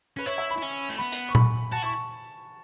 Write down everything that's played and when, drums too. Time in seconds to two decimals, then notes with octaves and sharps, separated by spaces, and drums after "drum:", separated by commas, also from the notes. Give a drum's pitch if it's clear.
0.17 C#4 B4
0.26 E4 C#5
0.38 E5
0.50 B5
0.58 E4
0.63 C#4
0.90 A3
0.98 B3 B5
1.12 drum: hi-hat
1.29 C#6
1.35 B5, drum: tom A#2
1.72 F#4 A5
1.83 E4 C#6